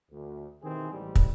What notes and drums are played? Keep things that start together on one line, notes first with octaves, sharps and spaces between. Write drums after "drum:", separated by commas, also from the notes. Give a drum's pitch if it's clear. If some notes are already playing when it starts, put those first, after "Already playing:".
D2
B2 D#3 E3 C4 G4 G#4
A1 G#2 G3
drum: kick